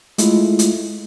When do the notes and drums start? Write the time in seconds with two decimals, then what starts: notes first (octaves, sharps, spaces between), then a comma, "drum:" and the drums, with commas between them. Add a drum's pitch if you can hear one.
0.18 G#3 A3 E4 F4, drum: hi-hat
0.59 drum: hi-hat